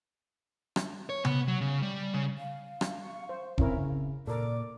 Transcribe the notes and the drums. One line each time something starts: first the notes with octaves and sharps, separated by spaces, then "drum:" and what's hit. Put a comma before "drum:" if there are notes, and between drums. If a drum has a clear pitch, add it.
drum: rim click
C#5
B3, drum: tom C3
F#3
C#3
G3
C#3
F5
drum: rim click
C#6
C5
C4 C#4 E4 A#4, drum: kick E1
C#3
A#2 A4 A#4 D5 D6